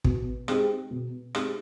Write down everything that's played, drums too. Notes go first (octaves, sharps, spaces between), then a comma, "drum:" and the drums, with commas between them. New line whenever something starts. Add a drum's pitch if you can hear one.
B2, drum: kick
G#3 C4 D#4 G4, drum: rim click
B2
G#3 C4 D#4 G4, drum: rim click